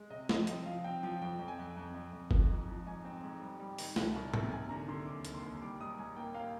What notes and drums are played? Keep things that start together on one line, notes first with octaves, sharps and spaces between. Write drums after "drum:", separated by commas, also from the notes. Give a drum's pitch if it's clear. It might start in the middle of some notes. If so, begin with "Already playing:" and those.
Already playing: G#3
C3 D#5
F3 D#5, drum: snare
C4 D#5, drum: hi-hat
F3 F5
C4 G5
F3 G5
F2 G5
F2
G#5
F2
F2
F2
F2
F3, drum: kick F#1
G#2
F3
G#2 G#5
C4
G#2
G3
G3
D#3, drum: open hi-hat
C2, drum: snare
C2
C3, drum: tom G#2
D#2 G#5
D3 A#5
D3 C6
D#2 D6
D#2, drum: hi-hat
C6
D#2
G3 D6
G#2 D#6
G#2 G#5
A#3 G5
A#3 F5